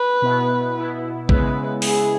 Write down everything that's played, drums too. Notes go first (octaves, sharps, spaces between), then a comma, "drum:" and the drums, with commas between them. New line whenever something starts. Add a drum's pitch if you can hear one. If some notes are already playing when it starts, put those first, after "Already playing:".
Already playing: B4
B2 B3 E4
B2 B3 E4
C#3 G#3 B3 E4 B4, drum: kick
C#3 G#3 B3 E4 G#4, drum: open hi-hat